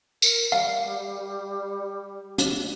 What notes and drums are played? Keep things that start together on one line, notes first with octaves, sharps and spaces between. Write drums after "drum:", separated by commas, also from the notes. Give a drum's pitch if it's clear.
A#4, drum: tambourine
G3 F5
drum: hi-hat